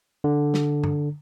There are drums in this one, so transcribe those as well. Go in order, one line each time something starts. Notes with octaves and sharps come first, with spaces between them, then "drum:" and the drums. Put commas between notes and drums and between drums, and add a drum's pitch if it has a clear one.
D3
drum: snare
drum: tom G2